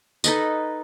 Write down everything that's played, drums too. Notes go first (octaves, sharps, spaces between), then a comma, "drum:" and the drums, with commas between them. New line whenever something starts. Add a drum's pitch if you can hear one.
D#4 A4 B4 D#5, drum: tambourine